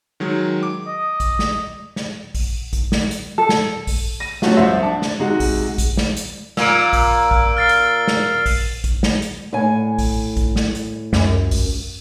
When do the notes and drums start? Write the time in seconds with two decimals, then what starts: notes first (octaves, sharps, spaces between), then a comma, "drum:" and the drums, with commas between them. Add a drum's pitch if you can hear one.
0.20 D#3 F#3 G#3
0.63 D6
0.87 D#5
1.20 drum: kick A#1, hi-hat
1.39 drum: snare
1.96 drum: snare
2.35 drum: kick A#1, open hi-hat
2.73 drum: kick A#1, hi-hat
2.92 drum: snare
3.11 drum: hi-hat
3.38 A4
3.49 drum: snare
3.87 drum: kick A#1, open hi-hat
4.20 A#6 D#7
4.42 F#3 A3 C#4 D4 F4 F#4, drum: snare
4.57 C2 F3 C5 E5
4.82 D4 A5
5.02 drum: snare
5.20 C3 G#3 D#4 F#4
5.40 drum: kick A#1, open hi-hat
5.78 drum: kick A#1, hi-hat
5.97 drum: snare
6.17 drum: hi-hat
6.57 A#2 E6 D7, drum: snare
6.93 drum: kick A#1, open hi-hat
7.31 drum: kick A#1
7.57 F6 A6 C7
7.69 drum: hi-hat
8.08 drum: snare
8.46 drum: kick A#1, open hi-hat
8.84 drum: kick A#1, hi-hat
9.03 drum: snare
9.22 drum: hi-hat
9.53 A2 G#5
9.98 drum: kick A#1, open hi-hat
10.37 drum: kick A#1, hi-hat
10.56 drum: snare
10.75 drum: hi-hat
11.13 C#2 F#2, drum: snare
11.51 drum: kick A#1, open hi-hat